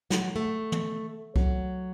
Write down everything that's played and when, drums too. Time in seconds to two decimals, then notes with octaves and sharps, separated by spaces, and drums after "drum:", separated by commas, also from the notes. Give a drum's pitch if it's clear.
0.10 F#3, drum: snare
0.36 A3
0.72 drum: tom
1.36 F#3, drum: kick C2